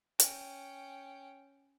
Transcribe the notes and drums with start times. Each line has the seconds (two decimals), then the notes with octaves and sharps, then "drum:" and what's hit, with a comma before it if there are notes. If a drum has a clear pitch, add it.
0.20 C#4 G5, drum: hi-hat